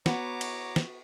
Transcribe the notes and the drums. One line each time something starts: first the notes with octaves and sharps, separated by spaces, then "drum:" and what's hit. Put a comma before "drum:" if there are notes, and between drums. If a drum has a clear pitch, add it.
B3 F#4 C#5 A#5 D6, drum: snare
drum: cymbal
drum: snare